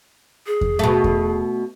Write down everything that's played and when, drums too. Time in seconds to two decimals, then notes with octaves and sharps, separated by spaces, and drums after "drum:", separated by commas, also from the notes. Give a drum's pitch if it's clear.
0.47 G#4
0.61 drum: kick E2
0.79 B2 A3
1.04 drum: kick E2